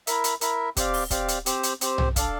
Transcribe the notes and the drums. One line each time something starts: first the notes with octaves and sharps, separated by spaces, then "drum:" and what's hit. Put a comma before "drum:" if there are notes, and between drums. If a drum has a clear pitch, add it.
E4 A#4 E5, drum: hi-hat
drum: hi-hat
E4 A#4 E5, drum: hi-hat
C4 G4 D5 F5, drum: kick, hi-hat
drum: open hi-hat
C4 G4 D5 F5, drum: kick, hi-hat
drum: hi-hat
C4 G4 C5, drum: hi-hat
drum: hi-hat
C4 G4 C5, drum: hi-hat
drum: tom B1
D4 A4 D5 F5, drum: kick, hi-hat